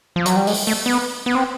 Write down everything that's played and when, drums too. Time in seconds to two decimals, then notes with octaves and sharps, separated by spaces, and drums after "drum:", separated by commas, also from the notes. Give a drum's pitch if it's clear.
0.16 F3
0.26 F#3, drum: hi-hat
0.36 G3
0.47 G#3, drum: open hi-hat
0.67 A3
0.86 B3
1.26 B3
1.35 C4